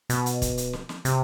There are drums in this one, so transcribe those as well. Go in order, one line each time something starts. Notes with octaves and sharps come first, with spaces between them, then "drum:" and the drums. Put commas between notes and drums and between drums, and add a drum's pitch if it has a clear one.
B2, drum: hi-hat
drum: hi-hat
drum: kick, hi-hat
drum: hi-hat
drum: snare
drum: snare
C3, drum: hi-hat